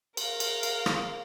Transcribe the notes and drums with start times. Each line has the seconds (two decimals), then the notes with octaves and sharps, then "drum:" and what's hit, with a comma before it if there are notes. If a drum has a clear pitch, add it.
0.17 A#4 F5, drum: cymbal
0.40 drum: cymbal
0.63 drum: cymbal
0.86 drum: rim click